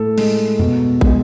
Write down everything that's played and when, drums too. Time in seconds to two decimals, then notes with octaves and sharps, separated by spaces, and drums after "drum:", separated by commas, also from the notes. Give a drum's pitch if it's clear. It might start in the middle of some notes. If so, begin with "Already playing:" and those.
Already playing: A2 A4
0.18 G#3, drum: cymbal
0.59 B2, drum: tom E2
1.01 G#3, drum: kick